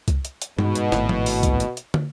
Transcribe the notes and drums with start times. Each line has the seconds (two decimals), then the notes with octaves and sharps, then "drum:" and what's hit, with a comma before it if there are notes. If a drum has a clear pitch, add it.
0.08 drum: kick C2, hi-hat
0.25 drum: hi-hat
0.42 drum: hi-hat
0.59 G#2 B2, drum: tom G2
0.75 drum: hi-hat
0.92 G#1 A2, drum: snare
1.09 drum: tom F3
1.26 drum: open hi-hat
1.43 drum: kick C2, hi-hat
1.60 drum: hi-hat
1.77 drum: hi-hat
1.94 drum: tom